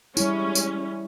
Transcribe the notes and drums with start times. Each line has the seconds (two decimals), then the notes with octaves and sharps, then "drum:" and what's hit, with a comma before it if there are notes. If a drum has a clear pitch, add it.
0.17 G3 G#3 C#4 E4, drum: tambourine
0.55 drum: tambourine